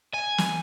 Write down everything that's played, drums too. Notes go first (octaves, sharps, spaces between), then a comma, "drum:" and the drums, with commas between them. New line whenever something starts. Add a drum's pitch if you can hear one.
G#5
drum: snare